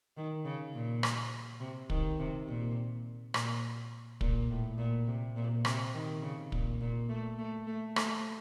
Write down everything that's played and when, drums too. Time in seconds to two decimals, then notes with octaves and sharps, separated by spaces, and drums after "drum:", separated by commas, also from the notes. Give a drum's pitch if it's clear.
0.17 D#3
0.45 C#3
0.74 A#2
1.03 drum: rim click
1.60 C3
1.90 D#3, drum: kick
2.19 C3
2.48 A#2
3.34 A#2, drum: rim click
4.21 A#2, drum: kick
4.50 A2
4.78 A#2
5.07 C3
5.36 A#2
5.65 C3, drum: rim click
5.94 D#3
6.22 C#3
6.52 A#2, drum: kick
6.81 A#2
7.09 A3
7.38 A3
7.67 A3
7.96 A3, drum: rim click